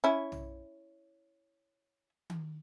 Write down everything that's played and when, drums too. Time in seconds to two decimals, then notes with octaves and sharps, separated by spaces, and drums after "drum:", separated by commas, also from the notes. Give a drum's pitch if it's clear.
0.04 C#4 E4
0.32 drum: tom
2.30 drum: tom D#3